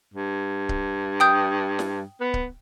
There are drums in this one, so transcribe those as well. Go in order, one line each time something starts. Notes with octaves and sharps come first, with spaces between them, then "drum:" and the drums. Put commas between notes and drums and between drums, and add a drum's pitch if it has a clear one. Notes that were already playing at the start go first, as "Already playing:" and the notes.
G2
drum: kick C#1
G5 D#6 G6
drum: snare
B3
drum: kick C#1